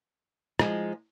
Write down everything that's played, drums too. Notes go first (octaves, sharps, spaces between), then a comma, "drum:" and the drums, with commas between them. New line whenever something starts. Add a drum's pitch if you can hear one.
F3 G#3 D#4, drum: rim click